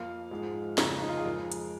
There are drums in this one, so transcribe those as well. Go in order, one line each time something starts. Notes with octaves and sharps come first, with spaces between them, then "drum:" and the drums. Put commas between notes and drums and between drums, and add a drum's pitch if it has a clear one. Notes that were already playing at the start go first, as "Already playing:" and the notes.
Already playing: F2 F3 A#3 F5
G#2 F3 G#3
F2 C#3 A#3 A#5, drum: snare
D#4
F4
G#4
F2 F3 G#3 A#4
drum: hi-hat